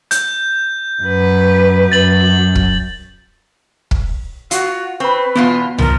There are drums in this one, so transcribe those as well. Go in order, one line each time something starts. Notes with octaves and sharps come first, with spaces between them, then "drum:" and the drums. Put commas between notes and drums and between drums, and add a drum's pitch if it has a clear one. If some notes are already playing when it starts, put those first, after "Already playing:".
G6, drum: hi-hat
F#2 B4
F#2 A6 F#7
drum: kick
drum: kick
F4 F#4, drum: hi-hat
C4 B4 B5 C#6
E2 B2 B3 F4
F3 A#4, drum: tom